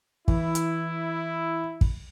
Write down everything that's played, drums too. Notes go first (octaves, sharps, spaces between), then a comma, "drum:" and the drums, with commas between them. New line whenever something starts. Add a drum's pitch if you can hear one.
E3 E4, drum: kick
drum: hi-hat
drum: kick